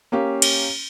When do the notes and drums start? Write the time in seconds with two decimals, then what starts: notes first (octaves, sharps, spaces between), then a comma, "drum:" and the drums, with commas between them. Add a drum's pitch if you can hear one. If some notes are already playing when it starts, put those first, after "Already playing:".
0.12 A#3 C#4 G4
0.42 drum: cymbal